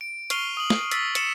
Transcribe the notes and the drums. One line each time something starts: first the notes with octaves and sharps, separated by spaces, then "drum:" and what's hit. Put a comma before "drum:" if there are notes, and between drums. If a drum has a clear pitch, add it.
D7
C#6 F6 C7 D#7 F7 G7, drum: hi-hat
D#6 F#7
drum: snare
E6 A6 B6, drum: hi-hat
C#7 E7, drum: hi-hat